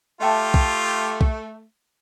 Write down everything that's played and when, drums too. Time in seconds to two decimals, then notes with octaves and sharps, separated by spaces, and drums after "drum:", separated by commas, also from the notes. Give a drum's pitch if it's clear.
0.21 A3 F4 G4 E5 G5 A5
0.54 drum: kick
1.21 drum: kick